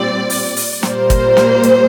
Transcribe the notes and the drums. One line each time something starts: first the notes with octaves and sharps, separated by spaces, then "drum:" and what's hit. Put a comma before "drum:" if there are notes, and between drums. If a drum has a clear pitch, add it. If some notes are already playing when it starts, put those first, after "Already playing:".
Already playing: A#2 G3 C4 D5
drum: open hi-hat
drum: open hi-hat
A#2 G3 A#3 C5, drum: snare
drum: kick, hi-hat
drum: snare
drum: hi-hat